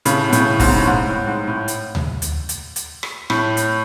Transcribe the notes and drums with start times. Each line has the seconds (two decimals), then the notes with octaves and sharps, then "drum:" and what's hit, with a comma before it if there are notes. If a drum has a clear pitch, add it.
0.05 A2 C#3, drum: hi-hat
0.29 B2
0.33 A2 C#3, drum: hi-hat
0.60 G#2 B2, drum: kick, open hi-hat
0.76 A2
0.87 G#2
1.07 A2
1.27 G#2
1.48 A2
1.68 drum: hi-hat
1.95 drum: tom D2
2.22 drum: hi-hat
2.49 drum: hi-hat
2.76 drum: hi-hat
3.03 drum: rim click
3.30 A2, drum: rim click
3.57 drum: hi-hat